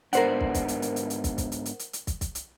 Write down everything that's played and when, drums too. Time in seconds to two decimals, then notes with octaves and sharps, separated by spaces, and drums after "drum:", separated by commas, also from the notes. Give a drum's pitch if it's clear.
0.13 G#2 B3 D4 A#4 C5 F#5, drum: hi-hat
0.41 drum: kick
0.54 drum: kick, hi-hat
0.68 drum: hi-hat
0.82 drum: hi-hat
0.96 drum: hi-hat
1.10 drum: hi-hat
1.24 drum: kick, hi-hat
1.38 drum: kick, hi-hat
1.52 drum: hi-hat
1.66 drum: hi-hat
1.79 drum: hi-hat
1.93 drum: hi-hat
2.07 drum: kick, hi-hat
2.21 drum: kick, hi-hat
2.35 drum: hi-hat